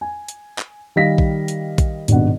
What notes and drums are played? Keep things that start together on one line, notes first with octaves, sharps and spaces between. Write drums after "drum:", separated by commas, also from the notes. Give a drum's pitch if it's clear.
G#5
drum: hi-hat
drum: clap
D#3 G3 D#5 F5 A#6 B6
drum: kick A#1
drum: hi-hat
drum: kick A#1, hi-hat
G#1 G2 B2 F#5, drum: hi-hat